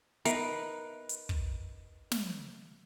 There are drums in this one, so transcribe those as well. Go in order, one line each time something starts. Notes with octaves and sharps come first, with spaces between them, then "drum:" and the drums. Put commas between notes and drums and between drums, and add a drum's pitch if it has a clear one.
B3 D#4 A#4 B4 E5, drum: hi-hat
drum: hi-hat
drum: kick
drum: snare